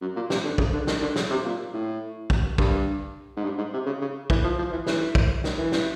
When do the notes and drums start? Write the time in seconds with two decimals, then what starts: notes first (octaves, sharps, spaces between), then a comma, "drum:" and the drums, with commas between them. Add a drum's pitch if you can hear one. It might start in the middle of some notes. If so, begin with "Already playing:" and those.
0.02 F#2
0.16 A#2
0.30 C3, drum: snare
0.44 D3
0.58 C#3, drum: kick
0.73 D3
0.87 D#3, drum: snare
1.02 D3
1.16 C#3, drum: snare
1.30 C3
1.44 A#2
1.73 A2
2.30 drum: kick
2.58 G2, drum: kick
3.37 G#2
3.44 G2
3.58 G#2
3.73 C3
3.86 C#3
4.01 C#3
4.30 E3, drum: kick
4.44 F3
4.58 F3
4.72 E3
4.87 E3, drum: snare
5.15 drum: kick
5.44 D#3, drum: snare
5.58 E3
5.72 drum: snare